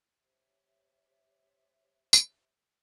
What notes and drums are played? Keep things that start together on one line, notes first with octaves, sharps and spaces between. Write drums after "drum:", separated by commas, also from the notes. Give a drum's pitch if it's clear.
G4 C5 C#5 E5
drum: tambourine